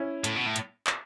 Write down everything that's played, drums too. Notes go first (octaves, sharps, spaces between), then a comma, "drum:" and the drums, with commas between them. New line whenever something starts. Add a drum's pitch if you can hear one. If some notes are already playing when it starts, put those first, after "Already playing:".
Already playing: C#4 E4
A2, drum: hi-hat
B2
A2
drum: hi-hat
drum: clap